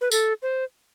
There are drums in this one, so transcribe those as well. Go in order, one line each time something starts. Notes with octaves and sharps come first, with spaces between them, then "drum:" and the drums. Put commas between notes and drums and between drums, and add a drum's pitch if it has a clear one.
B4
A4, drum: tambourine
C5